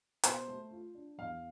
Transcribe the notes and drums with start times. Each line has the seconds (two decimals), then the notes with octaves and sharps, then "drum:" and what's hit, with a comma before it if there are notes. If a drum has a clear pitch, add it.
0.24 B2 C5, drum: hi-hat
0.48 A3
0.71 F4
0.95 D4
1.18 E2 F5